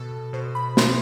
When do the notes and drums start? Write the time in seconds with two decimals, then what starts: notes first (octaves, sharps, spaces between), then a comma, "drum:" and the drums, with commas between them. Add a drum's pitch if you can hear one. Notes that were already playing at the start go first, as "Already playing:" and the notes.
Already playing: B2 A4
0.33 B2 C5
0.55 B5
0.77 B2 C6, drum: snare